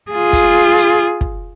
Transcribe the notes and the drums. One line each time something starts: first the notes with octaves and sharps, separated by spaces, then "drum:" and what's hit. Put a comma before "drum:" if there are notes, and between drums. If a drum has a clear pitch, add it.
F4 G#4
drum: kick, hi-hat
drum: hi-hat
drum: kick